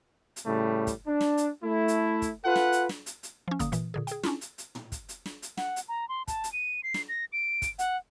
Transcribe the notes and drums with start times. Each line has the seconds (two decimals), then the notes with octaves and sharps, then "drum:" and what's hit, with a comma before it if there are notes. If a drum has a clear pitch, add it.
0.36 drum: hi-hat
0.46 A2 C#3 G3 A3
0.87 drum: kick, hi-hat
1.07 D4
1.21 drum: snare
1.37 drum: hi-hat
1.63 A3 E4
1.88 drum: hi-hat
2.22 drum: kick, hi-hat
2.45 F4 A4 B4 F#5
2.56 drum: snare
2.72 drum: hi-hat
2.89 drum: snare
3.06 drum: hi-hat
3.23 drum: hi-hat
3.48 F3 C#4
3.59 G1 D3 A#3 D#6, drum: kick, hi-hat
3.72 A#2 E3, drum: hi-hat
3.94 A#2 D3 G#4
4.07 G#4 G5, drum: hi-hat
4.23 C#4 D4 E4 F4, drum: snare
4.41 drum: hi-hat
4.58 drum: hi-hat
4.75 drum: tom
4.92 drum: kick, hi-hat
5.09 drum: hi-hat
5.26 drum: snare
5.42 drum: hi-hat
5.57 F#5, drum: snare
5.76 drum: hi-hat
5.88 A#5
6.09 C6
6.28 A5, drum: kick, hi-hat
6.44 drum: hi-hat
6.53 D#7
6.83 C7
6.94 drum: snare
7.09 A#6
7.33 D7
7.62 drum: kick, hi-hat
7.79 F#5, drum: hi-hat